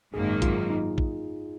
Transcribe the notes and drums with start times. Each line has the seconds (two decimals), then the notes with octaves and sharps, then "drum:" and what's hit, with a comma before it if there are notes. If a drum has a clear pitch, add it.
0.14 G#1 F#2 D#3 A#3 G#4
0.42 F4, drum: kick, hi-hat
0.70 D#4
0.98 drum: kick